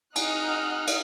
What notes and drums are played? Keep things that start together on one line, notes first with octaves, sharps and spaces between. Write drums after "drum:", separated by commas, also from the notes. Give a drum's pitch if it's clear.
D#4 D#5 F#5 D#6 F6 F#6, drum: cymbal
drum: cymbal